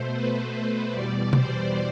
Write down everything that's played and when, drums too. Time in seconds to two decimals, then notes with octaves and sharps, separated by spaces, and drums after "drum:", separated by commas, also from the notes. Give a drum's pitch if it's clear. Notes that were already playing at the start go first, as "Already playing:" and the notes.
Already playing: B2 A3 C5
0.13 B4
0.92 E2 B2 G3 D5
1.33 C5, drum: tom C3